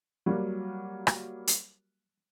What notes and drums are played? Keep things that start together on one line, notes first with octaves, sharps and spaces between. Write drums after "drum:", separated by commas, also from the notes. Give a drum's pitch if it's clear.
F#3 G3 A#3 F#4
drum: rim click
drum: hi-hat